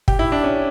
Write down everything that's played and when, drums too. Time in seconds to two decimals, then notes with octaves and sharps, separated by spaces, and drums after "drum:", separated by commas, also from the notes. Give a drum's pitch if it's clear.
0.08 G4, drum: kick
0.19 E4
0.32 D4
0.44 C#4